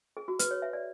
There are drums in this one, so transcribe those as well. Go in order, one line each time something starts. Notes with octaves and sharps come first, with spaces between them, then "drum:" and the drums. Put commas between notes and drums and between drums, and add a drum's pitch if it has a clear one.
G#4
F#4
B4, drum: hi-hat
C#5
E5
D5